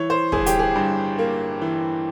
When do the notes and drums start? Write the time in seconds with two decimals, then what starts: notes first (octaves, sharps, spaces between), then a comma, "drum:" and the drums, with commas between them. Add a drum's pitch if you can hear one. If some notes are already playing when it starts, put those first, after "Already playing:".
Already playing: E3 C#5
0.10 C5
0.32 G1 G#4, drum: kick
0.46 G4, drum: hi-hat
0.59 G#4
0.76 G2
1.18 A#3
1.62 E3